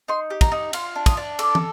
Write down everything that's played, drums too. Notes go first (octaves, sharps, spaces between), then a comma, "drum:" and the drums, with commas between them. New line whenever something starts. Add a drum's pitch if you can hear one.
D#4 C6
G4
A#5, drum: kick, cymbal
D#4
F4 C6, drum: cymbal
D4
D#6, drum: kick, cymbal
D4
A4 D6, drum: cymbal
drum: tom